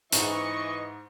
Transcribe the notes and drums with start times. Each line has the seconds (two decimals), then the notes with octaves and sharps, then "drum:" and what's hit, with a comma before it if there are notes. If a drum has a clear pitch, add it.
0.12 G#2 E3 D#5 C#6 F7, drum: hi-hat